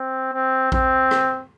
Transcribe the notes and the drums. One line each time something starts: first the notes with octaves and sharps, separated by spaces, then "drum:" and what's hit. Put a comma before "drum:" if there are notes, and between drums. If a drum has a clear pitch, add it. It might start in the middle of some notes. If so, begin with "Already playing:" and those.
Already playing: C4
C4
C4, drum: kick A#1
drum: rim click